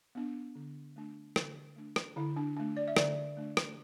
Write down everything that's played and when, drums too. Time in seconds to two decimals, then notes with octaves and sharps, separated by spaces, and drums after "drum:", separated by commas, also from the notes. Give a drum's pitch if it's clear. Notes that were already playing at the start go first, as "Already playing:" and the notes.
0.15 B3 D4
0.55 D3
0.96 A3 D4
1.36 D3, drum: rim click
1.76 A3 D4
1.96 drum: rim click
2.16 D3 E4
2.37 D4
2.57 A3 D4
2.77 D5
2.88 E5
2.97 D3 D5, drum: rim click
3.37 A3 D4
3.57 drum: rim click